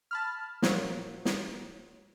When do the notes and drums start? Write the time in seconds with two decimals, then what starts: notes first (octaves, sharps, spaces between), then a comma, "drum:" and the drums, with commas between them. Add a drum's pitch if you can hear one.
0.11 A5 B5 F6
0.62 A#2 F3 F#3, drum: snare
1.25 drum: snare